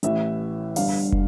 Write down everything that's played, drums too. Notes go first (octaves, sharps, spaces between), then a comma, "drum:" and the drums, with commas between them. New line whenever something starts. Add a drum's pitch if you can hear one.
A1 A2 E3 E5, drum: hi-hat
G1 G2 D3 F5, drum: open hi-hat
drum: kick